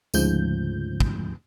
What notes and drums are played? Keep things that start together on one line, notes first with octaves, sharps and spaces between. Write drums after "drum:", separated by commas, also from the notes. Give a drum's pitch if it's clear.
D2 G#2 C#3 F3 G6, drum: tambourine
drum: kick